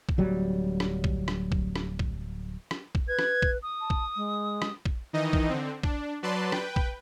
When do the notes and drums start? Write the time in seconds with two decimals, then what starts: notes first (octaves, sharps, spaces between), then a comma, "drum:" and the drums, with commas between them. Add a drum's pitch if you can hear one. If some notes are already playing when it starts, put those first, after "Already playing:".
0.09 drum: kick
0.18 D1 F#3 G3
0.80 drum: rim click
1.04 drum: kick
1.28 drum: rim click
1.52 drum: kick
1.76 drum: rim click
1.99 drum: kick
2.71 drum: rim click
2.95 drum: kick
3.08 B4 G#6
3.19 drum: rim click
3.42 drum: kick
3.63 D#6
3.81 A5
3.90 drum: kick
4.16 G#3
4.62 drum: rim click
4.85 drum: kick
5.13 D#3 E3 D#4 D#5
5.33 drum: kick
5.49 D3 C4
5.83 D4, drum: kick
6.23 F#3 B4 D5 A5 C6
6.52 B4 G5, drum: rim click
6.76 drum: kick